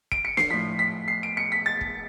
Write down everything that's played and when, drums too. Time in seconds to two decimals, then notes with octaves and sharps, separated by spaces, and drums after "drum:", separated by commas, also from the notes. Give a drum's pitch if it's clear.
0.12 D7, drum: kick
0.25 C#7
0.37 C7, drum: snare
0.50 A2 F3 B6
0.79 B6
1.08 C7
1.23 D7
1.37 C#7
1.52 B6
1.66 A6
1.81 drum: kick